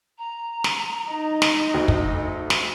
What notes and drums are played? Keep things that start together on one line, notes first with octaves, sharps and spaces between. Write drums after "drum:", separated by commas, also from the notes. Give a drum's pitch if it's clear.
A#5
drum: snare
D#4 D#5
drum: snare
D2 A4
drum: kick
drum: snare